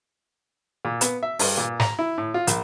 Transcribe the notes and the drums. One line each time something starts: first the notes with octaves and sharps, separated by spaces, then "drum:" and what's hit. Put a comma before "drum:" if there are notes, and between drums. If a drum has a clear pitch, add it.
A#2
B3, drum: hi-hat
E5
G2, drum: open hi-hat
A#2
A#5, drum: snare
E4
A2
F4
A#1, drum: hi-hat